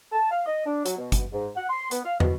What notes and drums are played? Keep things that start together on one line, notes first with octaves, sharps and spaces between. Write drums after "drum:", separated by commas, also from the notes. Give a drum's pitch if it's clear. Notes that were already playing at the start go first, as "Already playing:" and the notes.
A5
F5
D#5
D4
F#3, drum: hi-hat
B2
drum: kick G1, hi-hat
G#2
F#5
C6
B3, drum: hi-hat
F5
B2, drum: tom